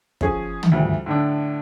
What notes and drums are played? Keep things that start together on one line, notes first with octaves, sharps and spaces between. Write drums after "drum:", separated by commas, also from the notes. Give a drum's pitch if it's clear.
F3 C#4 G#4, drum: kick
drum: tom
D2 E3 F3 G3
A2 D3 D4